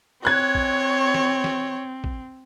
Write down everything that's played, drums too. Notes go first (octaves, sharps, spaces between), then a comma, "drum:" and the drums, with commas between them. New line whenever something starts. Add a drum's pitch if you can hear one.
C4 C#5 F#6 G#6
drum: kick
drum: snare
drum: snare
drum: kick